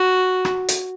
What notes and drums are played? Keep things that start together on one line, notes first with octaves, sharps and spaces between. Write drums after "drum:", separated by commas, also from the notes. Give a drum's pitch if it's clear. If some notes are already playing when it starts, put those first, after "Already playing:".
Already playing: F#4
drum: rim click
drum: hi-hat